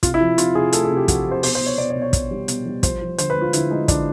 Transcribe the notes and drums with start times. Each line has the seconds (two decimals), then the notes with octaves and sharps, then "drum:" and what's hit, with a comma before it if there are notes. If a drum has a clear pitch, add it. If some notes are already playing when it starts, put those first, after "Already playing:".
0.03 C3 F4, drum: kick, hi-hat
0.14 E4
0.20 F3
0.38 C3 F4, drum: hi-hat
0.55 C3 G#4
0.73 A3 A4, drum: hi-hat
0.85 G#4
0.90 C3
0.97 G4
1.08 F3 F#4, drum: kick, hi-hat
1.26 C3
1.31 C5
1.43 B2 C5, drum: open hi-hat
1.55 C5
1.61 B2
1.66 C#5
1.78 B2 D5
1.90 C#5
1.95 B2
2.02 C#5
2.13 B2, drum: kick, hi-hat
2.31 G3
2.48 B2, drum: hi-hat
2.66 G3
2.83 F3 C5, drum: kick, hi-hat
3.01 F3
3.18 D3 C5, drum: hi-hat
3.30 B4
3.36 G#3
3.42 F4
3.53 D3 E4, drum: hi-hat
3.71 G#3 D#4
3.88 D3 D4, drum: kick, hi-hat